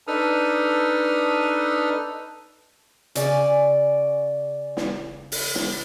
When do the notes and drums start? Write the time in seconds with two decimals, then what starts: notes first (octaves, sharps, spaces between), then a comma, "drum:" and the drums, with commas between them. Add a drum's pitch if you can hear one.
0.07 D4 D#4 A4 B4 D#6 F6
3.15 C#3 D5 G#5, drum: hi-hat
4.77 drum: snare
5.32 drum: open hi-hat
5.55 drum: snare